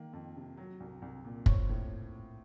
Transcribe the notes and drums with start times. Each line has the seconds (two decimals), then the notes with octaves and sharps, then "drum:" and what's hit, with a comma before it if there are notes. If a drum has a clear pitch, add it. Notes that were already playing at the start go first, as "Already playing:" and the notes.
Already playing: D#3 A#3
0.13 F2
0.36 C3
0.57 F#3
0.80 C2
1.02 C2
1.25 A#2
1.46 C4 C#5, drum: kick
1.69 A2